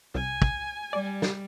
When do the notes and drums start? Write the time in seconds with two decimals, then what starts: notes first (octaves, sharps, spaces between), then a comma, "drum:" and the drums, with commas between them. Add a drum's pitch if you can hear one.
0.15 C2 G#5
0.42 drum: kick
0.93 G3 D5
1.22 drum: snare